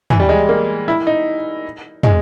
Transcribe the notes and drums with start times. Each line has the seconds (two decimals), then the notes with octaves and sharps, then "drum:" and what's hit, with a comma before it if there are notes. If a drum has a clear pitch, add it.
0.10 E3, drum: tom
0.20 G3
0.29 G#3
0.49 A#3
0.88 E4
1.07 D#4
2.03 G#3, drum: tom